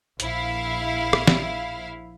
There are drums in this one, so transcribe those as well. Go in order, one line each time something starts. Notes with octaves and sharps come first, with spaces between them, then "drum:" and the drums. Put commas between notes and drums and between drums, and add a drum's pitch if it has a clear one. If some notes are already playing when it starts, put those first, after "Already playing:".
A#1 E4 F5, drum: hi-hat
drum: rim click
drum: snare